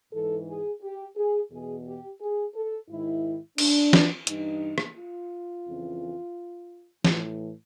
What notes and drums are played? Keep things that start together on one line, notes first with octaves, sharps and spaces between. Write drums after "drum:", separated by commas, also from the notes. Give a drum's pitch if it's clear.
G#2 E3 A4
G#4
G4
G#4
E2 B2 G#4
G4
G#4
A4
G#2 D#3 E4
D4, drum: cymbal
drum: snare
G2 E3 D#4, drum: hi-hat
drum: rim click
F4
F2 C#3 E3
A2 E3, drum: snare